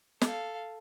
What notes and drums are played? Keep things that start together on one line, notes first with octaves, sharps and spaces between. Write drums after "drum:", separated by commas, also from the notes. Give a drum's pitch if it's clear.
A4 F5, drum: snare